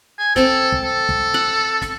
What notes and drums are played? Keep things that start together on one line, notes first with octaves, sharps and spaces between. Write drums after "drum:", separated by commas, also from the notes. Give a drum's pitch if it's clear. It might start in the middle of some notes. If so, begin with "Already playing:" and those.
G#5
C4 A4, drum: snare
drum: kick
A4
drum: kick
F#5
drum: snare